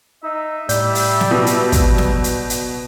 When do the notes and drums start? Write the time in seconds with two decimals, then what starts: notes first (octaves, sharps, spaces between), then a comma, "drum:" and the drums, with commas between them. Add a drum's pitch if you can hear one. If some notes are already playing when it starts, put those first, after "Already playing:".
0.24 D#4 E5
0.69 A2 G3 D5 G6, drum: hi-hat
0.95 drum: open hi-hat
1.21 drum: snare
1.31 B2
1.46 drum: hi-hat
1.72 drum: kick, hi-hat
1.98 drum: snare
2.24 drum: hi-hat
2.50 drum: hi-hat